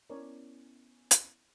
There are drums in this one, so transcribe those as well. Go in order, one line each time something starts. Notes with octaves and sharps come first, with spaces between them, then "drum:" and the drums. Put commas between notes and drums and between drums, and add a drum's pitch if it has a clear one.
B3 C#4 E4 A#4 C#5 D5
drum: hi-hat